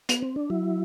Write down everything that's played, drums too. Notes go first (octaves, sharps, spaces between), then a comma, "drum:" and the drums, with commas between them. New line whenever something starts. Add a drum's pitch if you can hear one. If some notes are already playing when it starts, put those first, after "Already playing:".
B3, drum: hi-hat
C4
D4
F#3 E4